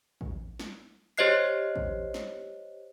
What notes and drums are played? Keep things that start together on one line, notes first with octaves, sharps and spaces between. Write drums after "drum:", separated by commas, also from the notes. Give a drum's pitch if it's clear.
drum: kick
drum: snare
G4 C5 C#5 D#5 F#6 C7
drum: kick
drum: snare